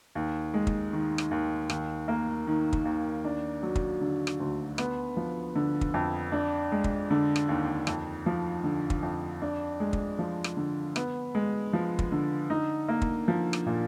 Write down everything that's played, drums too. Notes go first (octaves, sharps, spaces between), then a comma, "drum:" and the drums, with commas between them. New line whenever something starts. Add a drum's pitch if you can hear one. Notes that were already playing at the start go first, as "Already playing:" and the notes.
D#2
G#3
drum: kick
D#3
drum: rim click
D#2
D#2, drum: rim click
A#3
D#3
drum: kick
D#2
D4
F#3
drum: kick
D3
drum: rim click
D2
B3, drum: rim click
F3
D3
drum: kick
F2
D4
G#3
drum: kick
D3
drum: rim click
D#2
F2, drum: rim click
F3
D3
drum: kick
F2
D4
G#3
drum: kick
F3
drum: rim click
D3
B3, drum: rim click
G#3
F3
drum: kick
D3
D#4
A#3
drum: kick
F3
drum: rim click
A#2